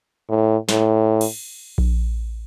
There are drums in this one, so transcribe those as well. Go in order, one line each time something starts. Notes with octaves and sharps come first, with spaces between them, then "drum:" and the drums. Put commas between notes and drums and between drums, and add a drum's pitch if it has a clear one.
A2
A2, drum: snare
drum: cymbal
drum: kick A#1